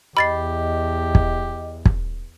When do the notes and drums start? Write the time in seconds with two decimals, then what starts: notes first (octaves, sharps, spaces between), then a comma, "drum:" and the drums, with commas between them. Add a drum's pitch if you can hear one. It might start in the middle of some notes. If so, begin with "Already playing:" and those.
0.17 E2 G4 D#5 B5 A6 C7
1.15 drum: kick
1.85 drum: kick